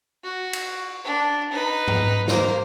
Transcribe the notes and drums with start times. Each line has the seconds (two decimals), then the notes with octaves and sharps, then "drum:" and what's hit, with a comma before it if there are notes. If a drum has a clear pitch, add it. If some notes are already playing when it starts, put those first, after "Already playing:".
0.24 F#4
0.53 drum: cymbal
1.04 D4
1.52 D#4 B4
1.88 drum: tom G#2
2.28 A#3 C5, drum: snare